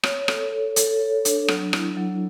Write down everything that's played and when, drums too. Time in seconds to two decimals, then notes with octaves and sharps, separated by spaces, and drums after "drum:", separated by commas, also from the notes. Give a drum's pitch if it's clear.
0.03 C#5, drum: rim click
0.28 A4, drum: rim click
0.52 A4
0.76 A4, drum: hi-hat
1.00 C#5
1.25 D4, drum: hi-hat
1.48 F#3, drum: rim click
1.73 E4, drum: rim click
1.97 F#3